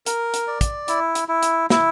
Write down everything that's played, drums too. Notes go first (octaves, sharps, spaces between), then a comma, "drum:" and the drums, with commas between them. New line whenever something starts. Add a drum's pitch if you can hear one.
A#4, drum: hi-hat
drum: hi-hat
D5
drum: kick, hi-hat
E4, drum: hi-hat
drum: hi-hat
E4
drum: hi-hat
E4, drum: snare